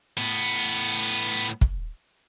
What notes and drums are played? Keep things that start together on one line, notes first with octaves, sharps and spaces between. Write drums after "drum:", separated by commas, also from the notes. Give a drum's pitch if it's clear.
A2 B3
drum: kick